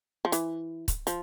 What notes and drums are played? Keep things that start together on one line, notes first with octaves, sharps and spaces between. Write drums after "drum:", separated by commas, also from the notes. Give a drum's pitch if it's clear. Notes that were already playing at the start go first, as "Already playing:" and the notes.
F3
E3, drum: hi-hat
drum: kick C#1, hi-hat
F3, drum: hi-hat